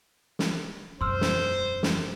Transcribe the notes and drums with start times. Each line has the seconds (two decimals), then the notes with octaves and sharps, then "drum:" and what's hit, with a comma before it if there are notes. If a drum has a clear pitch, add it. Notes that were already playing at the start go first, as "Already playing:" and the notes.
0.39 drum: snare
1.01 E1 F#2 C5 C6 E6 F6
1.21 drum: snare
1.83 drum: snare